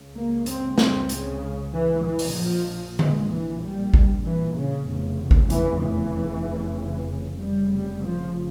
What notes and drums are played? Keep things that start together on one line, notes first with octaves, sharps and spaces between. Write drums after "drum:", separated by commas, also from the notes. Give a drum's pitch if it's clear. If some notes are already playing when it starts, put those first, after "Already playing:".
Already playing: C#2 C#3
A#3
C4, drum: hi-hat
C4, drum: snare
C#3, drum: hi-hat
E3
E3
drum: open hi-hat
A#1 A#2 F3
G#3, drum: tom D3
E3
G3
drum: kick G#1
E3
C#3
F1 E2 C#3
drum: kick G#1
E3, drum: hi-hat
E3
F1 F2 C#3 G3
G3
F3